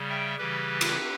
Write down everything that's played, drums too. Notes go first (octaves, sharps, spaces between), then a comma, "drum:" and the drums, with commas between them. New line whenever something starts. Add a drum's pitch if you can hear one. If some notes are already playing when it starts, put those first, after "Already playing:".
Already playing: C#3 G3
E5 G5
C#3 E3 G3 G4 B4
drum: cymbal